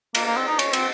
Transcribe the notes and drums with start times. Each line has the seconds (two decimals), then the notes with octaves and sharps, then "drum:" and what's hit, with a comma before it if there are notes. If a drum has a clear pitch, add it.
0.15 A#3, drum: cymbal
0.25 A#3
0.37 C4
0.47 D#4
0.59 C#4, drum: cymbal
0.73 C4, drum: cymbal